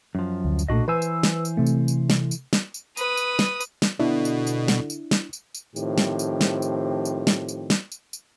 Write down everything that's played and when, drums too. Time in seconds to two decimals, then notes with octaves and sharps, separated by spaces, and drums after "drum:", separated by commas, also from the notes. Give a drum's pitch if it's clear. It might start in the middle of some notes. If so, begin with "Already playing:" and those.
0.15 F#2 F3
0.45 D2
0.59 drum: tambourine
0.69 B1 A#2 A3 D4 F#4 D#5
0.88 E3 B4 C5 G#5 E6
1.02 drum: tambourine
1.23 drum: snare
1.45 drum: tambourine
1.57 C3 A3
1.67 drum: tambourine
1.88 drum: tambourine
2.10 drum: snare
2.31 drum: tambourine
2.53 drum: snare
2.74 drum: tambourine
2.97 B4 D#6, drum: tambourine
3.17 drum: tambourine
3.39 drum: snare
3.61 drum: tambourine
3.82 drum: snare
4.00 B2 D3 D4 E4
4.25 drum: tambourine
4.47 drum: tambourine
4.68 drum: snare
4.90 drum: tambourine
5.11 drum: snare
5.33 drum: tambourine
5.55 drum: tambourine
5.76 A2 D#3 F3 C4 G4, drum: tambourine
5.98 drum: snare
6.19 drum: tambourine
6.41 drum: snare
6.62 drum: tambourine
7.05 drum: tambourine
7.27 drum: snare
7.48 drum: tambourine
7.70 drum: snare
7.92 drum: tambourine
8.13 drum: tambourine